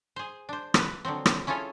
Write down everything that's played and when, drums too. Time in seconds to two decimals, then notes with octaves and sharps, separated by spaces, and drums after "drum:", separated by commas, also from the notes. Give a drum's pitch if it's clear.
0.16 G#4 C5
0.49 D4 C5
0.74 A#3 B4, drum: rim click
1.05 D3 F3 F#3 C4
1.26 drum: rim click
1.47 C#4 E4 F4 G#4 A4 C#5